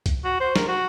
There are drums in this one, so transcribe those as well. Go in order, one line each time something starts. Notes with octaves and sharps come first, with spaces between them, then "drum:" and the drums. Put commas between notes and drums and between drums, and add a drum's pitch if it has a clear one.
drum: kick C2, hi-hat
F#4
C5
A#4, drum: snare
F#4